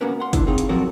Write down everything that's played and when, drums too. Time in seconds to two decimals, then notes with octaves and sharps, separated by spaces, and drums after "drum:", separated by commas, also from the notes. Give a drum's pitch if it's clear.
0.01 A#3 B3 C#4 F#4 A#4 B4
0.20 F#5 C6
0.33 D4 E4, drum: kick, hi-hat
0.47 C4 D#4 F4 G#4 C#5
0.58 drum: hi-hat
0.69 F3 F#3 C4 F#4 A4 A#4